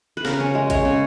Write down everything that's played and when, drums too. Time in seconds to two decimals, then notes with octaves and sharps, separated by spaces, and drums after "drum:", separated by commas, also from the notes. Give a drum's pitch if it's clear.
0.17 B4
0.25 C#3 A#4, drum: snare
0.40 C#4
0.55 G#3
0.70 G#3 C#5, drum: kick A1, hi-hat
0.85 C#3